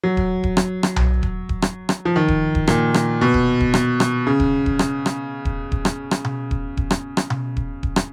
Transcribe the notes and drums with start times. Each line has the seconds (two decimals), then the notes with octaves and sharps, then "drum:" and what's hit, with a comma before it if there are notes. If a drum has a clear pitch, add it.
0.03 F#3
0.17 drum: kick D#1
0.43 drum: kick D#1
0.57 drum: rim click
0.83 drum: rim click
0.96 drum: tom B1
1.23 drum: kick D#1
1.49 drum: kick D#1
1.62 drum: rim click
1.89 drum: rim click
2.05 F3
2.16 D#3
2.28 drum: kick D#1
2.55 drum: kick D#1
2.67 A#2, drum: rim click
2.94 drum: rim click
3.21 B2
3.34 drum: kick D#1
3.60 drum: kick D#1
3.74 drum: rim click
4.00 drum: rim click
4.27 C#3
4.40 drum: kick D#1
4.66 drum: kick D#1
4.79 drum: rim click
5.06 drum: rim click
5.45 drum: kick D#1
5.72 drum: kick D#1
5.85 drum: rim click
6.11 drum: rim click
6.24 drum: tom B2
6.51 drum: kick D#1
6.77 drum: kick D#1
6.91 drum: rim click
7.17 drum: rim click
7.30 drum: tom B2
7.57 drum: kick D#1
7.83 drum: kick D#1
7.96 drum: rim click